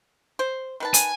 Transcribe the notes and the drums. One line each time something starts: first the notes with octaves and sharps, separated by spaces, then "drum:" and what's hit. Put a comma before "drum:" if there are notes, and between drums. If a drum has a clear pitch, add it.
C5
D#3 B4 A5
G#5, drum: hi-hat